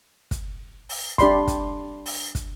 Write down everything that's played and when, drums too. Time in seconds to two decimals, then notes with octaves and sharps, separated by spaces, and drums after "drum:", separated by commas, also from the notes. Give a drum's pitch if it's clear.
0.31 drum: kick, hi-hat
0.89 drum: open hi-hat
1.18 D4 G4 D5 B5 C6, drum: kick, hi-hat
1.47 drum: kick, hi-hat
2.06 drum: open hi-hat
2.35 drum: kick, hi-hat